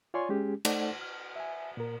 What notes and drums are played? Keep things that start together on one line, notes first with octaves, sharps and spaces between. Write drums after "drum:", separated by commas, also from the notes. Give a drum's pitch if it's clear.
F4 C#5 D5 G#5 C6 C#6
G#3 C#4 G4 G#4
A3 D#4 A4 C5 D5 F#5, drum: cymbal
F6
E5 G#5
A#2 A#4